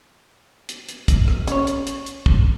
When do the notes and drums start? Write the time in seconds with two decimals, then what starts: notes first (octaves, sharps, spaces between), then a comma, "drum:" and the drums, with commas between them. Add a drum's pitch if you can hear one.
0.69 drum: hi-hat
0.89 drum: hi-hat
1.08 drum: kick, hi-hat
1.28 drum: rim click
1.47 C#4 C#5, drum: hi-hat
1.67 drum: hi-hat
1.87 drum: hi-hat
2.06 drum: hi-hat
2.26 drum: kick